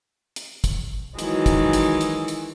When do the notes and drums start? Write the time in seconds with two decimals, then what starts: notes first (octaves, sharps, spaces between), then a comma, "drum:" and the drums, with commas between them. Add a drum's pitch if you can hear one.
0.36 drum: hi-hat
0.64 drum: kick, hi-hat
1.19 D#3 E3 F#3 G#3, drum: hi-hat
1.46 drum: kick, hi-hat
1.73 drum: hi-hat
2.01 drum: hi-hat
2.28 drum: hi-hat